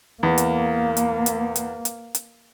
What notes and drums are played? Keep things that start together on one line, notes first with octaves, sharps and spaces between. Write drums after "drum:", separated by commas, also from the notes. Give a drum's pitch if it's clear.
E2 A#3
drum: hi-hat
drum: hi-hat
drum: hi-hat
drum: hi-hat
drum: hi-hat
drum: hi-hat